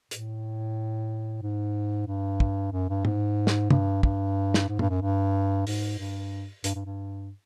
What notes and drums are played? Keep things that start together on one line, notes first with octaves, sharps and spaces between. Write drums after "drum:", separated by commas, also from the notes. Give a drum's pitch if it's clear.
A2, drum: hi-hat
G#2
G2
drum: kick
F#2
G2
G#2, drum: tom
drum: snare
G2, drum: tom
G2, drum: kick
drum: snare
G#2
G2, drum: tom
F#2
G2
G#2, drum: open hi-hat
G2
G2, drum: hi-hat
G2
G2